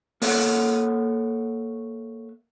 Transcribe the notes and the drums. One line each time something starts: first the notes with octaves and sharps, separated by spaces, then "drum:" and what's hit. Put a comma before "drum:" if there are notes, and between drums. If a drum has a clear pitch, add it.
A#3 A4 C#5 E5 F#5, drum: open hi-hat